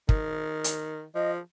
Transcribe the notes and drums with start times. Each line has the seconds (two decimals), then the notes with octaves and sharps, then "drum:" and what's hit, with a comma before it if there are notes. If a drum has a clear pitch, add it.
0.09 D#3, drum: kick
0.64 drum: hi-hat
1.15 F3 D#5